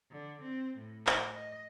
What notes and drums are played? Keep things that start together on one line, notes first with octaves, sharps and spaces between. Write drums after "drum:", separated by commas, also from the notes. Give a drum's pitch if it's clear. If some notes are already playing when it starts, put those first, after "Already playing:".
D3
C4
A2
drum: clap
D#5